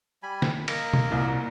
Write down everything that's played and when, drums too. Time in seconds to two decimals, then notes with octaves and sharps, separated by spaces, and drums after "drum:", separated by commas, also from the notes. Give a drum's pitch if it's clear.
0.23 G3 G#5 B5
0.42 drum: snare
0.68 A#3 A#4 D#5, drum: cymbal
0.93 drum: tom B2
1.12 C2 A#2